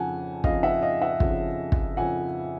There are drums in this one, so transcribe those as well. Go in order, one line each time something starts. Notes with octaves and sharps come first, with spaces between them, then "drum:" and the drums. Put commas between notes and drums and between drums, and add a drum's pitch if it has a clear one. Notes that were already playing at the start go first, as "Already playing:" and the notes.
Already playing: F2 C#3 F3 F#5 G#5 A5
F2 C#3 F3 D#5 F5, drum: kick
E5 F#5
D#5 F5
E5 F#5
F2 C#3 F3, drum: kick
drum: kick
F2 C#3 F3 F#5 G#5